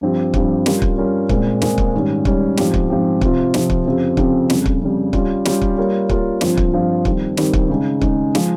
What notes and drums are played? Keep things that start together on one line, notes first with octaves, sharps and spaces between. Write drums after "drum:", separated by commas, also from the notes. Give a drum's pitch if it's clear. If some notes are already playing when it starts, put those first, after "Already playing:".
G2 F3 C4 G4
G2 F3 C4 G4, drum: kick
G3 C#4 F4 A#4, drum: snare
drum: kick
G3 C#4 F4 A#4
A#2 G#3 C4, drum: kick
A#2 G#3 C4, drum: snare
drum: kick
G#2 D#3 G3 C#4
G#2 D#3 G3 C#4, drum: kick
G#2 F3 C4 G4, drum: snare
drum: kick
G#2 F3 C4 G4
C3 F3 C4 F4, drum: kick
C3 F3 C4 F4, drum: snare
drum: kick
F2 C#3 F3 C4 G4
F2 C#3 F3 C4 G4, drum: kick
F2 C#3 G3, drum: snare
drum: kick
F2 C#3 G3
G3 C#4 F4, drum: kick
G3 C#4 F4, drum: snare
drum: kick
G3 A#3 F4 A#4 C#5
G3 A#3 F4 A#4 C#5, drum: kick
G2 F3 C4 F4, drum: snare
drum: kick
G2 F3 C4 F4
D#3 G3 C4, drum: kick
D#3 G3 C4, drum: snare
drum: kick
C#3 G#3 D#4
C#3 G#3 D#4, drum: kick
F3 G#3, drum: snare